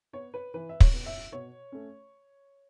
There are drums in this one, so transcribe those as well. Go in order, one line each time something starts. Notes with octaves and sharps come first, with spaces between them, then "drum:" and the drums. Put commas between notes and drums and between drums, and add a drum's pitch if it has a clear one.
B3 C#5
B4
E3 B4
E5
C#5, drum: kick
B3
E5
B2 C#5
A3 C#4